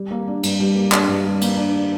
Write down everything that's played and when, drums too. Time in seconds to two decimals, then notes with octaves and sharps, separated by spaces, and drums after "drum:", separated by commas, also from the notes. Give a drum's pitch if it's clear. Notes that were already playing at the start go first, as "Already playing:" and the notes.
Already playing: G3
0.11 A#3
0.27 D4
0.43 G2, drum: cymbal
0.60 G3
0.76 A#3
0.92 D4, drum: clap
1.08 G2
1.25 G3
1.41 A#3, drum: cymbal
1.57 D4